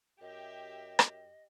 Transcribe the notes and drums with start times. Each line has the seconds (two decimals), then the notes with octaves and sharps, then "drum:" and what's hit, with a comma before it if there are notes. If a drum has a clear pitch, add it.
0.21 F#2 G4 D#5 E5
0.99 drum: rim click